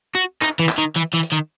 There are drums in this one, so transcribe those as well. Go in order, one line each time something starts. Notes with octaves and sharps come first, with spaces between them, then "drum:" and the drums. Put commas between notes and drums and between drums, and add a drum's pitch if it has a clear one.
F#4
D#4, drum: clap
E3
drum: clap
D#3
E3, drum: hi-hat
E3
drum: hi-hat
D#3